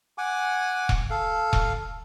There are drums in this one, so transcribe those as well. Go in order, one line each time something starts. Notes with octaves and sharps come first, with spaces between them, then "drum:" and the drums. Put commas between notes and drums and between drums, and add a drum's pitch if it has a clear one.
F#5 G#5 D6
drum: kick E1
A4 F5
drum: kick E1